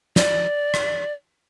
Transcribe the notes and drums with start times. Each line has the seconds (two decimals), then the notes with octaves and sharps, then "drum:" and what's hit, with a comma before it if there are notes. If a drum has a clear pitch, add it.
0.16 D5, drum: snare
0.74 drum: rim click